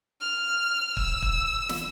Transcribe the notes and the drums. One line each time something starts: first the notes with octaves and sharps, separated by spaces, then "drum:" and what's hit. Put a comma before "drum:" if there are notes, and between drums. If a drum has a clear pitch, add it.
F6
E6, drum: kick
drum: kick
drum: snare